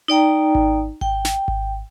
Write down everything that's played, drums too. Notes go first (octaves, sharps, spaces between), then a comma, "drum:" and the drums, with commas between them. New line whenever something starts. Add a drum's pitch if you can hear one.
D#4 D5 G5 A#5
drum: kick G#1
G5, drum: kick G#1
drum: snare
drum: kick G#1